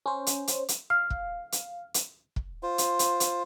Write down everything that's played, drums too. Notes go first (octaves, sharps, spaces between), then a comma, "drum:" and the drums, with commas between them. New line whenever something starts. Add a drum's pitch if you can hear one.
C#4 C5
drum: hi-hat
drum: hi-hat
drum: hi-hat
F5 F6
drum: kick
drum: hi-hat
drum: hi-hat
drum: kick
F4 C5
drum: hi-hat
drum: hi-hat
drum: hi-hat